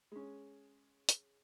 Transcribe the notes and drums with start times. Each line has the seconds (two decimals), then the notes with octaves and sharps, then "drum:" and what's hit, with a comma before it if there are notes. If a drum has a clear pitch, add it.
0.12 G#3 C#4
1.09 drum: hi-hat